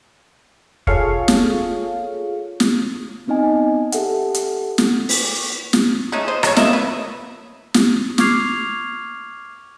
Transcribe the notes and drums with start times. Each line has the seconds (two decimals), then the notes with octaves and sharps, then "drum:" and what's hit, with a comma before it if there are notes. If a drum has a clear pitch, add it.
0.87 F4 G#4 A4 C#5 F5 C#6, drum: kick
1.28 drum: snare
2.60 drum: snare
3.28 B3 C4 D#4 D#5 G#5
3.92 G4 A4 E5 F#5, drum: hi-hat
4.34 drum: hi-hat
4.78 drum: snare
5.09 drum: open hi-hat
5.73 drum: snare
6.12 G#3 A3 C#4 D#4
6.28 C5 D#5
6.43 A4 C#5, drum: rim click
6.56 A#3 A#4 D#5 E5, drum: snare
6.73 B4
7.74 drum: snare
8.18 C#6 D6 F6 G#6 C7 F7, drum: snare